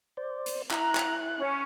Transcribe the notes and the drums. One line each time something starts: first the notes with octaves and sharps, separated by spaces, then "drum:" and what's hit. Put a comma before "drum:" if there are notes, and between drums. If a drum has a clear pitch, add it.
C5 D5
drum: hi-hat
E4 A#5 F#6, drum: clap
drum: clap
C#4